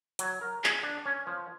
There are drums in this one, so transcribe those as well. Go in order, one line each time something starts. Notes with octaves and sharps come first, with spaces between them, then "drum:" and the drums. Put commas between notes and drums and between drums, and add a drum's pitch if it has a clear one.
F#3, drum: hi-hat
A#4
G#4, drum: clap
D4
C#4
F3